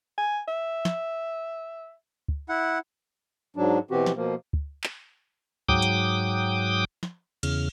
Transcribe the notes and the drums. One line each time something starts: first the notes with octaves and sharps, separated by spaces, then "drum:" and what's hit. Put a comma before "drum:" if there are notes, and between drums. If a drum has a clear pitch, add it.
G#5
E5
drum: snare
drum: kick
E4 F#5
G#2 F#3 D4
B2 E3 C4 F#4 G4
drum: snare
B2 F3 A#3
drum: kick
drum: clap
G#2 F#3 G5 D6 D#6, drum: kick
drum: hi-hat
drum: snare
E2 C#3 F6, drum: cymbal